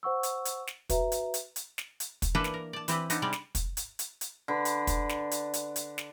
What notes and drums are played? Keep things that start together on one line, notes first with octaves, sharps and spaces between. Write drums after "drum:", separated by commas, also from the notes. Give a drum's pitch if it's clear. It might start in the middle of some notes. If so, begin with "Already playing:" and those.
C5 F#5 C#6 E6
drum: hi-hat
drum: hi-hat
drum: snare
F#4 B4 E5 A#5, drum: kick, hi-hat
drum: hi-hat
drum: hi-hat
drum: hi-hat
drum: snare
drum: hi-hat
drum: kick, hi-hat
E3 A#3 D4 A4 B4
drum: snare
A#4
D5 A5
E3 C4 G4 B4, drum: hi-hat
B3 C4 D4 D#4 D#5, drum: hi-hat
C3 G3 G#3 D5
drum: snare
drum: kick, hi-hat
drum: hi-hat
drum: hi-hat
drum: hi-hat
D3 B4
drum: hi-hat
drum: kick, hi-hat
drum: snare
drum: hi-hat
drum: hi-hat
drum: hi-hat
drum: snare